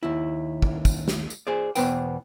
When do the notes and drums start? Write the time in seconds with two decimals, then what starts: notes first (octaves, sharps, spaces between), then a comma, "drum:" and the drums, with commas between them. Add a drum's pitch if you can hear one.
0.03 D#2 E4
0.62 drum: kick
0.85 drum: kick, tambourine
1.08 drum: snare
1.30 drum: tambourine
1.47 G#4 C5 D5
1.75 E2 B2 B3 B4 C5 G5, drum: tambourine